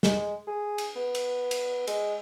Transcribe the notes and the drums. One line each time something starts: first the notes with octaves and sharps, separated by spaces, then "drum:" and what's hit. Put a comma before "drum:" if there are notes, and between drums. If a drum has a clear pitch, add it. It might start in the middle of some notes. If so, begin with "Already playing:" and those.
G#3, drum: snare
G#4
drum: cymbal
B3
drum: cymbal
drum: cymbal
G#3, drum: cymbal